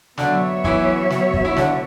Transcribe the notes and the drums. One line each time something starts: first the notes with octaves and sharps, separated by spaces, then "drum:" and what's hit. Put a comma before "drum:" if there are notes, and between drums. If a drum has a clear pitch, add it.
D3 F#3 B3 D4 F#4 C#5 E5, drum: snare
E3 E4, drum: kick
drum: snare
drum: kick
E4
D3 D4, drum: snare